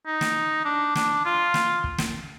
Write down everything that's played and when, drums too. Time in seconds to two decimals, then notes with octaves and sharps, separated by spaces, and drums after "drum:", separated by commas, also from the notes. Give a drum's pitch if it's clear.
0.07 D#4
0.21 drum: snare
0.65 D4
0.96 D4, drum: snare
1.25 F4
1.54 drum: snare
1.84 drum: kick
1.99 drum: snare